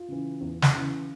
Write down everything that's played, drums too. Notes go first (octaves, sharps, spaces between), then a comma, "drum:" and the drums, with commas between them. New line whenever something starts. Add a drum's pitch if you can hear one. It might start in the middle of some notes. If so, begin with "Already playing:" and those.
Already playing: F4
C#3 E3
E2
drum: snare
C#3 E3